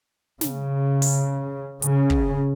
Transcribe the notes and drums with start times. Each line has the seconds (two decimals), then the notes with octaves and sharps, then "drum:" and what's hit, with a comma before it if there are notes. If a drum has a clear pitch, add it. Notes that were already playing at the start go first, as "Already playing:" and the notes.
0.41 C#3, drum: snare
1.02 drum: open hi-hat
1.82 C#3, drum: hi-hat
2.10 drum: kick